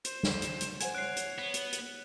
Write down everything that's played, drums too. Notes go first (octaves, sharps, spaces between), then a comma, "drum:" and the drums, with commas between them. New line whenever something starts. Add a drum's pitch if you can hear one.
C5, drum: hi-hat
drum: snare
drum: hi-hat
drum: hi-hat
C5 F#5 G#5 G#6, drum: hi-hat
C#5 F#6 C7 D7
drum: hi-hat
B3
drum: hi-hat
drum: hi-hat